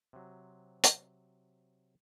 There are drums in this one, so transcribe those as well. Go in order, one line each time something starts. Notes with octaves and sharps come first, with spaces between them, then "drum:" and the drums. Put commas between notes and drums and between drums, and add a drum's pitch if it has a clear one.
C3 F#3
drum: hi-hat